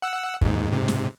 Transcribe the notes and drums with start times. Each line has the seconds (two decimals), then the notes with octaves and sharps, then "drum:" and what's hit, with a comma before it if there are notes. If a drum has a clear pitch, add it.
0.02 F#5 E6
0.41 D#2 G#2, drum: kick
0.72 G#2 C3
0.88 drum: snare